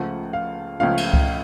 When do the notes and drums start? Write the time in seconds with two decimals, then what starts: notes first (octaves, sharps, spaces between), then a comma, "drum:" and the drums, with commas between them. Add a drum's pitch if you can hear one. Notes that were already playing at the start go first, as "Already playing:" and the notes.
Already playing: C#2 C#3 F3 A3 F#5
0.33 F5
0.80 C#2 C#3 F3 A3 F5
0.98 drum: cymbal
1.13 drum: kick C#2